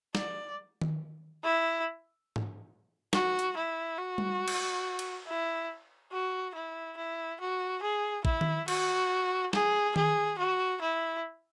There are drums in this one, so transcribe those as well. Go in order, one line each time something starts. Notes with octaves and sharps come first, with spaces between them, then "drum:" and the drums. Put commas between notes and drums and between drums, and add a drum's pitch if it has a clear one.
D5, drum: snare
drum: tom D#3
E4
drum: tom G#2
F#4, drum: snare
drum: hi-hat
E4
F#4
drum: tom G3
drum: cymbal
drum: cymbal
E4
F#4
E4
E4
F#4
G#4
E4, drum: kick
drum: tom D#3
F#4, drum: cymbal
G#4, drum: snare
G#4, drum: tom D#3
F#4
E4